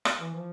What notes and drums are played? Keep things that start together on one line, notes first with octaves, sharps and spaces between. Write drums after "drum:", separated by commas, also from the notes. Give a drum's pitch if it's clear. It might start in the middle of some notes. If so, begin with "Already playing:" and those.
drum: rim click
E3
F3